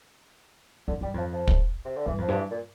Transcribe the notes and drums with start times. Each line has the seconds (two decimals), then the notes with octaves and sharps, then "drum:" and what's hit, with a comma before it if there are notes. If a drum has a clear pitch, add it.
0.88 F2 D3
1.01 G2 G3
1.14 F2 F3
1.33 F3
1.48 drum: kick
1.85 C3
1.96 D3
2.06 G2 E3
2.18 F2 F3
2.28 G2 F3
2.37 E3
2.51 A#2